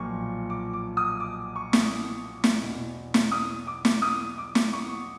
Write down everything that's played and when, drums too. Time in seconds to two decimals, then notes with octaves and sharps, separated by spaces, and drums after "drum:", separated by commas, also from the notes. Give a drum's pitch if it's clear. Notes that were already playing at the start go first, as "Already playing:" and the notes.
Already playing: B1 A#2 F3 C#6
0.50 D6
0.73 D6
0.97 D#6
1.20 D6
1.56 C#6
1.73 drum: snare
2.44 drum: snare
2.61 E2 B2
3.14 drum: snare
3.32 D#6
3.67 D6
3.85 drum: snare
4.02 D#6
4.38 D6
4.55 drum: snare
4.73 C#6